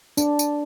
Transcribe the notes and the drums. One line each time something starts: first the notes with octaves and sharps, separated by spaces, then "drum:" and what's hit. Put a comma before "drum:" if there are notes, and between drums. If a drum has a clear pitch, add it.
D4, drum: tambourine
drum: tambourine